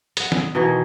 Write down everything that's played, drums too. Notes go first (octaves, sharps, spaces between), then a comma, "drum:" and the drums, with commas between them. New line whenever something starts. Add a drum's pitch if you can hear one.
D#5 F#5, drum: hi-hat
drum: snare
B2 D#3 E3